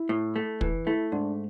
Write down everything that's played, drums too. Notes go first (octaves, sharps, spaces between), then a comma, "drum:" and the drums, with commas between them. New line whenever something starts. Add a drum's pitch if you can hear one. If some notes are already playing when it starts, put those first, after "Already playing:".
Already playing: E4
A2
A3
E3, drum: kick
A3 E4
G#2 D4